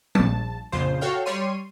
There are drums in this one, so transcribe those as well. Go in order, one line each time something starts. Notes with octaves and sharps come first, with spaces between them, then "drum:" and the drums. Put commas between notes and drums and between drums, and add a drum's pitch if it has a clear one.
A#1 A5, drum: tom F3
A#1 F2 C#3 F4 C5
F#4 A4 C#5 F5 G5
G3 C#5 C6 D#7